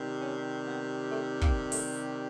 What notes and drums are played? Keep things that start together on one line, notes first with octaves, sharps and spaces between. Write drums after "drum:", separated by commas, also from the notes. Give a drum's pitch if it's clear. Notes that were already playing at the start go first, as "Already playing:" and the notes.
Already playing: C3 D#3 G3
C#4
B3
A3
A#3, drum: kick
A3, drum: open hi-hat